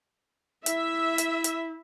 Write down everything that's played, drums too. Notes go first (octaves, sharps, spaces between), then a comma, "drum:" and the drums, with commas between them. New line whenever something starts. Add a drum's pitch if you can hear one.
E4 E5, drum: hi-hat
drum: hi-hat
drum: hi-hat